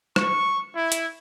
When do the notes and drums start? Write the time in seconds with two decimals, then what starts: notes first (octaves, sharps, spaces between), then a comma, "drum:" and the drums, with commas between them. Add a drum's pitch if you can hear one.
0.16 C#6, drum: rim click
0.74 E4
0.92 drum: hi-hat